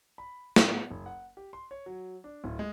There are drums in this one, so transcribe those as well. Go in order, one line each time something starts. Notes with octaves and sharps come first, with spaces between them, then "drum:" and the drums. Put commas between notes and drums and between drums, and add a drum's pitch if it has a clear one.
B5
A2, drum: snare
B3
F#1
F#5
G4
C6
C#5
F#3
D4
D1
G#3